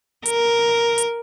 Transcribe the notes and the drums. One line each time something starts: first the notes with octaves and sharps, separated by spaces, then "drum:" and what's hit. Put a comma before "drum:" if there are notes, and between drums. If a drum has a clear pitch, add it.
A#4, drum: hi-hat
drum: hi-hat